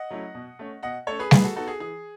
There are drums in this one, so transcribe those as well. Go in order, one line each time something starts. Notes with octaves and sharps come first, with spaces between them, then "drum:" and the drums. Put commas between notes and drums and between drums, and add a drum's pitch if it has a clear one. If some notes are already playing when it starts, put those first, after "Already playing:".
Already playing: D#5 F#5
F#3 A3 C#4 E4
B2
A3 C#4
B2 D#5 F#5
A3 C#4 A4 C#5
G#4 B4
E3 G#4 B4, drum: snare G3
F#4 A4
B3 D#4 F#4 A4
G#4
E3 G#4